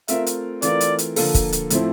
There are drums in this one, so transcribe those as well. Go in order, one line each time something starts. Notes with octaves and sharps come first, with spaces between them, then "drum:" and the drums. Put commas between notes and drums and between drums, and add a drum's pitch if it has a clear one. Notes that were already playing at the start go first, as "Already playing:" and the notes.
A3 C4 F4 A#4 E5, drum: hi-hat
drum: hi-hat
E3 A3 C4 F4 A#4 D5, drum: hi-hat
drum: hi-hat
drum: hi-hat
D3 F3 A#3 F4 A4, drum: open hi-hat
drum: kick, hi-hat
drum: hi-hat
A2 F3 A3 C4 E4, drum: hi-hat